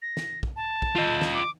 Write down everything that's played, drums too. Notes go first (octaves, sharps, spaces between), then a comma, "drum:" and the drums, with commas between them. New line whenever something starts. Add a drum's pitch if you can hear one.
A#6
drum: snare
drum: kick
A5
drum: kick
F4 D#5
drum: snare
D6